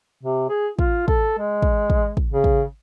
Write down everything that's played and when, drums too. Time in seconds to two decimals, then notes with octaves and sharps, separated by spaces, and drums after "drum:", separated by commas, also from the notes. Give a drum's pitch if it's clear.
0.23 C3
0.49 G#4
0.79 F4, drum: kick
1.08 A4, drum: kick
1.39 G#3
1.62 drum: kick
1.90 drum: kick
2.17 drum: kick
2.31 C#3
2.44 drum: kick